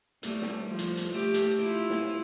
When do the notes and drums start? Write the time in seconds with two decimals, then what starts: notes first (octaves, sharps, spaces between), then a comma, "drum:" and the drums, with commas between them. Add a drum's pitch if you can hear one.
0.23 G3 A3, drum: hi-hat
0.41 drum: snare
0.67 F3
0.79 drum: hi-hat
0.97 drum: hi-hat
1.11 A3 G4
1.34 drum: hi-hat
1.59 E4 F4
1.90 drum: snare